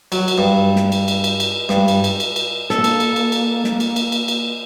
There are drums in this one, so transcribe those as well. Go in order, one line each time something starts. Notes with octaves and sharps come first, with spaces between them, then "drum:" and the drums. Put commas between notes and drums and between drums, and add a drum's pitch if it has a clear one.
F#3, drum: cymbal
drum: cymbal
G2
drum: snare
drum: cymbal
drum: cymbal
drum: cymbal
drum: cymbal
G2, drum: snare
drum: cymbal
drum: cymbal
drum: cymbal
drum: cymbal
A#3 A4, drum: snare
drum: cymbal
drum: cymbal
drum: cymbal
drum: cymbal
drum: snare
drum: cymbal
drum: cymbal
drum: cymbal
drum: cymbal